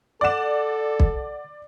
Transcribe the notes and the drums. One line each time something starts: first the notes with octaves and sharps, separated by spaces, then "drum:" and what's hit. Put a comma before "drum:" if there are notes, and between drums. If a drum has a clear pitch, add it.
A4 D5 F#5 D6 E7
drum: kick